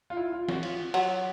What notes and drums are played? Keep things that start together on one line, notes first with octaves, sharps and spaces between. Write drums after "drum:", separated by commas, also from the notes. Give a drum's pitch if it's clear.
F4
E4
F4
F#4, drum: snare
F4, drum: cymbal
F#3, drum: cymbal